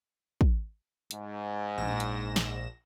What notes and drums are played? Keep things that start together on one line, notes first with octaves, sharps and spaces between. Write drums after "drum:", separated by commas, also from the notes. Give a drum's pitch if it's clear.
drum: kick
G#2, drum: hi-hat
A#1 A#6 E7
drum: hi-hat
drum: snare